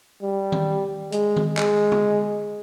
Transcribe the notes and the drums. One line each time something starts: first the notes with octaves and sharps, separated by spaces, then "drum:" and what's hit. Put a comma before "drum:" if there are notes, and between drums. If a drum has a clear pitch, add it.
G3
drum: tom D#3
G#3, drum: hi-hat
drum: tom D#3
G#3, drum: clap
drum: tom D3